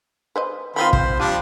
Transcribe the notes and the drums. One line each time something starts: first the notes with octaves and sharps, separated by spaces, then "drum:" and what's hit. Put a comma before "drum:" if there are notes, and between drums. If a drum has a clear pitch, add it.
B4 C5 D#5
D#3 F3 C4 F4 B5 C6
C5, drum: kick
F3 G3 D4 F4